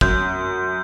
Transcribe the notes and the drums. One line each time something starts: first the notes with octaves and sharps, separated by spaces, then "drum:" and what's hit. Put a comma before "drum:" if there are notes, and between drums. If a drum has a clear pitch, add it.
F#2 G6, drum: kick